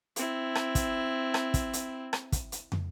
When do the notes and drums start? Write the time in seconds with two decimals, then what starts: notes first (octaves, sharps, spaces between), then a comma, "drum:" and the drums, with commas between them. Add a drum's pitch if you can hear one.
0.16 C4 E4, drum: hi-hat
0.55 drum: rim click
0.75 drum: kick, hi-hat
1.34 drum: rim click
1.54 drum: kick, hi-hat
1.73 drum: hi-hat
2.13 drum: rim click
2.32 drum: kick, hi-hat
2.52 drum: hi-hat
2.72 drum: tom